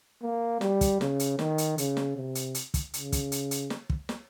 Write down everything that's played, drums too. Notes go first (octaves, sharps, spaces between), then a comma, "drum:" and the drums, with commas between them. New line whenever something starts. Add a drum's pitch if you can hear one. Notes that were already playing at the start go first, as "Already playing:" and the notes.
A#3
G3, drum: snare
drum: kick, hi-hat
C#3, drum: snare
drum: hi-hat
D#3, drum: snare
drum: hi-hat
C#3, drum: hi-hat
drum: snare
C3
drum: hi-hat
drum: hi-hat
drum: kick, hi-hat
C#3, drum: hi-hat
drum: kick, hi-hat
drum: hi-hat
drum: hi-hat
drum: snare
drum: kick
drum: snare